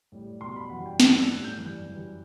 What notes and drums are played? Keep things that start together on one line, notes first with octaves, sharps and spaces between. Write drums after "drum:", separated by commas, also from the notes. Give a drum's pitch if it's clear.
A2 G3
B2 G3 C6
B5
F#2 E3 G3 F#5
G5
G2 E3 G3 A5, drum: snare
E6
A2 G3 F#6
G6
G2 E3 G3 G6
F#2 E3 G3